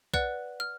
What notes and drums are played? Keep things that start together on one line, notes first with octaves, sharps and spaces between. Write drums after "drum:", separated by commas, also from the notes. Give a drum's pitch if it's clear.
B4 D5 F#5 F#6, drum: kick B1
F6